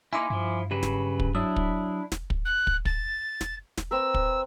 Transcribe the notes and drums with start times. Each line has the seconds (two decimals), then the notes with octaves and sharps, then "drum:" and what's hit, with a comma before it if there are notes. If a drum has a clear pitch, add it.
0.13 A#3 D#4 E4 G#5 C6 D6
0.30 G2 F3 E4
0.71 C#3 F#3 G4 B4
0.83 drum: snare
1.20 drum: kick
1.35 F#3 D4 E4 D#6 E6
1.56 drum: kick
2.12 drum: snare
2.30 drum: kick
2.45 F#6
2.67 drum: kick
2.85 A6, drum: kick
3.41 drum: snare
3.78 drum: snare
3.91 C4 A#4 B4 E6
4.14 drum: kick